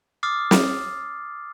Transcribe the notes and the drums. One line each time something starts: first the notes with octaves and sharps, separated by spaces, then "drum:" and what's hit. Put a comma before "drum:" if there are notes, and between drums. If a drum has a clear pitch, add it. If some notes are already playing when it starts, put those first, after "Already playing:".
D6 D#6 F6 A6 C7
drum: snare